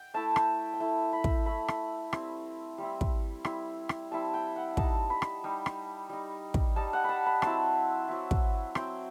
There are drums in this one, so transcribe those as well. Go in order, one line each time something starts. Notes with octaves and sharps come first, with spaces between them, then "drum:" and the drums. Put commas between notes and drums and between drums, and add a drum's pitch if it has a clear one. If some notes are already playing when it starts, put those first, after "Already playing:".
Already playing: G5
A3 E4 A5
drum: rim click
G5
A3 E4 A5
B5
drum: kick
A3 E4 B5
drum: rim click
G3 C4 E4, drum: rim click
G3 C4 E4
drum: kick
G3 C4 E4, drum: rim click
drum: rim click
G3 C4 E4 A5
G5
F#5
G3 D#4 A5, drum: kick
B5
drum: rim click
G3 D#4
drum: rim click
G3 D#4
drum: kick
G3 D#4 A5
F#5
A5 B5
B5
F#3 C4 E4 A5, drum: rim click
F#3 C4 E4
drum: kick
F#3 C4 E4 G5, drum: rim click